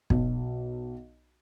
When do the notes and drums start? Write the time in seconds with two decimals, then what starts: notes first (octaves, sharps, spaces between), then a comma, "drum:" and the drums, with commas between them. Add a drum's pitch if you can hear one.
0.10 B1, drum: kick